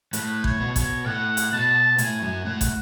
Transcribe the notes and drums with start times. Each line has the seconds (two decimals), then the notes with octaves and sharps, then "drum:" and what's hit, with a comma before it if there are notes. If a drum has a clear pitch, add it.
0.13 A2 A3 B4, drum: hi-hat
0.44 C#5, drum: kick
0.60 B2 B3
0.76 C#5, drum: kick, hi-hat
1.06 A2 A3 F#5
1.37 drum: hi-hat
1.52 B2 B3 A5
1.98 A2 A3 G#5, drum: hi-hat
2.22 F#2 F#3
2.45 A2 A3 F#5
2.61 drum: kick, hi-hat